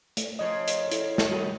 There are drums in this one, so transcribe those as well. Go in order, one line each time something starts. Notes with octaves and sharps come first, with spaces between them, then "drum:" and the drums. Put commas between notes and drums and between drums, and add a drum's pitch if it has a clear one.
A3, drum: hi-hat
C#3 F3 C#5 D#5
drum: hi-hat
E4 A4, drum: hi-hat
drum: snare
D#3 G3 B3 F#4